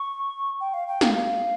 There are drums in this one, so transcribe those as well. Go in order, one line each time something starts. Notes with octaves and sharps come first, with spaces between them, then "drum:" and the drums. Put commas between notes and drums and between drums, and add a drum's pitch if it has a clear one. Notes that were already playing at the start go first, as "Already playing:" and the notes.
Already playing: C#6
G5
F5
G5
F5, drum: snare
F5